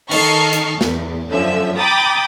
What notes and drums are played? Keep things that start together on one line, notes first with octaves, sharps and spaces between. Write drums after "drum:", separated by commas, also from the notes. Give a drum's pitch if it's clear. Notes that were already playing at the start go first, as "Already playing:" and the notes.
D#3 A4 D#5 C#6 F6 C7, drum: cymbal
drum: hi-hat
E2, drum: snare
F#2 D3 F3 C#4 E5
G5 A#5 B5 D6 D#6 A6